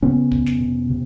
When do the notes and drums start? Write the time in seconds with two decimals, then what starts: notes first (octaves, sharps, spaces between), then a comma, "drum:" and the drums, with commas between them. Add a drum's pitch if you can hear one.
0.02 C#3 B3 C#4
0.32 F2, drum: kick
0.46 drum: snare
0.60 C3
0.90 C3